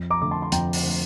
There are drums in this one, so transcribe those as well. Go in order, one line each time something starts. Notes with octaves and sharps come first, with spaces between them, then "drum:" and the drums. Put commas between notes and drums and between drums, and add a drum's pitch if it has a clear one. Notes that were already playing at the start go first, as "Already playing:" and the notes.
Already playing: F2
A#5 D6
D3 A3 D6
A5 C6
C6
F2 G5 A#5, drum: hi-hat
drum: open hi-hat
D3 A3